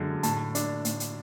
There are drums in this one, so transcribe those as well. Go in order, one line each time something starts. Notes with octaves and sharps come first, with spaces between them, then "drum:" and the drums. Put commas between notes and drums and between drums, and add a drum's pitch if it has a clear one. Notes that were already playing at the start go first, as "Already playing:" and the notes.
Already playing: F#2 D3 G#3
A2 A5, drum: hi-hat
D4, drum: hi-hat
A2, drum: hi-hat
drum: hi-hat